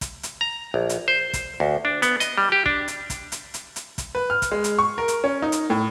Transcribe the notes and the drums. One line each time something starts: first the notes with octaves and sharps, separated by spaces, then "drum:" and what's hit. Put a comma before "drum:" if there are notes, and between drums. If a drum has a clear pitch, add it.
drum: kick, hi-hat
drum: hi-hat
A#5
A#1
drum: hi-hat
C5
drum: kick, hi-hat
D2
D4
B3, drum: hi-hat
D#5, drum: hi-hat
G3
G4
D4, drum: kick
drum: hi-hat
drum: kick, hi-hat
drum: hi-hat
drum: hi-hat
drum: hi-hat
drum: kick, hi-hat
B4
F6
drum: kick, hi-hat
G#3
drum: hi-hat
C#6
A#4
drum: hi-hat
C#4
D#4
drum: hi-hat
A2